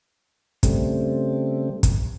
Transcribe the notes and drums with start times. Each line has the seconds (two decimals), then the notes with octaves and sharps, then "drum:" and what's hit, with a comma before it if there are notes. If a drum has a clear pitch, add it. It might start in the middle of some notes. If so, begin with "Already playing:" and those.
0.63 C#3 G3 A3 C4, drum: kick, hi-hat
1.83 drum: kick, hi-hat